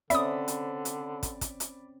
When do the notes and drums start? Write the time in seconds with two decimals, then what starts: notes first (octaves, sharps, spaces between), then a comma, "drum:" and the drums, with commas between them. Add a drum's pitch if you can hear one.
0.10 D3 C4 C#4 D5 E5 B5 D#6, drum: hi-hat
0.48 drum: hi-hat
0.85 drum: hi-hat
1.23 drum: kick, hi-hat
1.41 drum: kick, hi-hat
1.60 drum: hi-hat